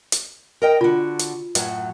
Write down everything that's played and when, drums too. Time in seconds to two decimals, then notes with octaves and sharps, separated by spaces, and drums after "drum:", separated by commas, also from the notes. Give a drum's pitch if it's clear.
0.12 drum: hi-hat
0.62 A#4 D#5 G5
0.81 D3 F4 F#4
1.19 drum: hi-hat
1.55 F#2 A2 F#3, drum: hi-hat